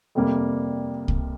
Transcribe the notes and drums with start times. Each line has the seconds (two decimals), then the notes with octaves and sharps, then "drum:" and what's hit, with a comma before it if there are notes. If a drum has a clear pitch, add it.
0.15 F2 C3 G3 A#3
1.08 drum: kick C2